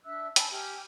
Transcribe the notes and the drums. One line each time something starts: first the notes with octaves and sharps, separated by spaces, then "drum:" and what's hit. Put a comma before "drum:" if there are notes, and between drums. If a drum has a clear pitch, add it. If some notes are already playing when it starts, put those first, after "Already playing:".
D4 E5 E6 F#6
G#5 A5 B5 E6, drum: hi-hat
G4 G#5 F6